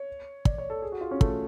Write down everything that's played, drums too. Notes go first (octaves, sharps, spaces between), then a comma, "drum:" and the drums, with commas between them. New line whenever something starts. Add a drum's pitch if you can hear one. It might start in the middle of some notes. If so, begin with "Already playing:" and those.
Already playing: C#5
D5, drum: kick
C#5
A4
G#4
F#4
F4
C#4
A3, drum: kick